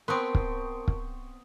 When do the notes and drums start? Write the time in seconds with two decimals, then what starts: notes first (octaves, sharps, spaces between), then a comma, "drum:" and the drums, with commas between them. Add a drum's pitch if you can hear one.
0.08 B3 C4 A#4 A5 C6 C#6 D#6 D7
0.35 drum: kick
0.88 drum: kick